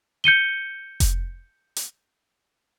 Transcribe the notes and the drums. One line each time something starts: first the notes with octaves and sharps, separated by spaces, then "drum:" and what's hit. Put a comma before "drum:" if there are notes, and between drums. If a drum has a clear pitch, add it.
G6 C#7 D#7 G7
drum: kick F1, hi-hat
drum: hi-hat